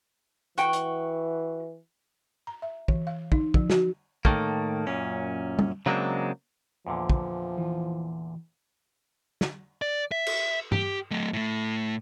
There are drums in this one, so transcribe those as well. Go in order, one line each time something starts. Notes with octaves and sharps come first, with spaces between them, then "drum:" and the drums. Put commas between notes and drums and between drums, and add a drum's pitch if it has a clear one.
E3 F#4 G5, drum: hi-hat
drum: hi-hat
A#5
E5
E3, drum: kick
F5
D#4, drum: kick
F3, drum: kick
F#4, drum: snare
A2 D#3 A3 A#3, drum: kick
F#2 A#2 C#4
drum: tom
C#3 F#3 G#3 A#3 C4 D4
E2 A#2 D3 F3
drum: kick
E3
drum: snare
D5
E5
drum: cymbal
G4, drum: tom G2
F#3 A3
A2 A3